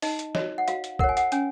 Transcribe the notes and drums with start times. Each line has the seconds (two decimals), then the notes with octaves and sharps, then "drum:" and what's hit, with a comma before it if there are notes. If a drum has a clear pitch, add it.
0.02 D#4 D#5, drum: open hi-hat
0.19 drum: hi-hat
0.35 F#4 C#5 D#5, drum: snare
0.58 F#5
0.68 F#4 F5, drum: hi-hat
0.84 drum: hi-hat
0.99 A#4 C#5 F#5, drum: kick
1.09 G#5
1.17 F#5, drum: hi-hat
1.32 C#4 G#5, drum: hi-hat